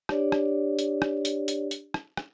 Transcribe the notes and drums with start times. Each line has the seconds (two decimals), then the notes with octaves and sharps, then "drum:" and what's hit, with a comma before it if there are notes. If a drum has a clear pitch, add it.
0.09 D4 G4 C#5 D5, drum: rim click
0.32 drum: rim click
0.79 drum: hi-hat
1.02 drum: rim click
1.25 drum: hi-hat
1.48 drum: hi-hat
1.71 drum: hi-hat
1.94 drum: rim click
2.17 drum: rim click